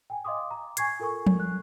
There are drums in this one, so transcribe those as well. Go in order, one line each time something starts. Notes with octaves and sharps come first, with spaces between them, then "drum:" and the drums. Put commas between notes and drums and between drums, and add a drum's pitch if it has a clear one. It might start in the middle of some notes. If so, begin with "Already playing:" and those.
G5 G#5
D#5 F5 C6 D6 D#6
A#5
G#5 C#6 G#6 C7, drum: hi-hat
F4 A4 A#4 G#5 C#6
drum: tom F3
F#6